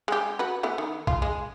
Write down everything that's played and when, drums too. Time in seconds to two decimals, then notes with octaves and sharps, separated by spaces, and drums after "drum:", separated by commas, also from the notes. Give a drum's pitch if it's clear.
0.08 G#3 G4
0.39 F#4 B4
0.63 A3 B3 E4
0.78 D#3
1.07 F4, drum: kick A#1
1.22 G#3